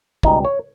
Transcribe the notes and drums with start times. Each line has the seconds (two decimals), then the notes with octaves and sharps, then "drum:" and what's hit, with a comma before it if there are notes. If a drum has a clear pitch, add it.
0.23 C#2 B2 G3 D#4, drum: kick
0.45 C#5